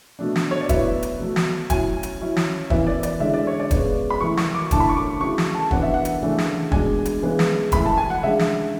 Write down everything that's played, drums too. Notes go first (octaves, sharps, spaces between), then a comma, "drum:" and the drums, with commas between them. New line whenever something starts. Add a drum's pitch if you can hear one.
B2 A3 D4
drum: snare
C#5
D5
F#3 B3 E4 E5, drum: kick, hi-hat
drum: hi-hat
B2 F#3 A3
drum: snare
F#3 C#4 E4 G#5, drum: kick, hi-hat
drum: hi-hat
F#3 C#4 E4
drum: snare
E3 B3 E4 E5, drum: kick
D5
D5, drum: hi-hat
D3 G#3 C#4 E4 E5
D5
C#5
D5
C#3 G#3 B3, drum: kick, hi-hat
B5
E3 A3 E4 C#6
C#6, drum: snare
D6
D3 A3 C#4 E4 A5, drum: kick, hi-hat
B5
C#6
D6
C#3 F#3 C#4 E4 C#6
drum: snare
A5
E3 B3 D4 F#5, drum: kick
E5
F#5
drum: hi-hat
C#3 E3 A3 D4
drum: snare
B2 G#3 D4 G#5, drum: kick
drum: hi-hat
C#3 E3 G#3 B3
drum: snare
E3 A3 E4 B5, drum: kick, hi-hat
A5
G#5
F#5
C#3 G#3 D4 E5
drum: snare